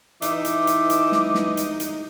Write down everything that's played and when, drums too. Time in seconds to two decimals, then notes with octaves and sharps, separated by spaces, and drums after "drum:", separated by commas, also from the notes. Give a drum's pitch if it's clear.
0.22 E3 D#4 E5 D6, drum: hi-hat
0.45 drum: hi-hat
0.67 drum: hi-hat
0.90 drum: hi-hat
1.12 drum: snare
1.35 drum: snare
1.57 drum: hi-hat
1.80 drum: hi-hat